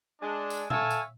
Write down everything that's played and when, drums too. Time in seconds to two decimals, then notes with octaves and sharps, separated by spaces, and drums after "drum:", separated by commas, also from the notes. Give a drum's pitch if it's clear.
0.21 G#3 D4
0.50 drum: tambourine
0.70 A4 C#5 E5 F5 G#5 A5, drum: tom A#2
0.90 drum: tambourine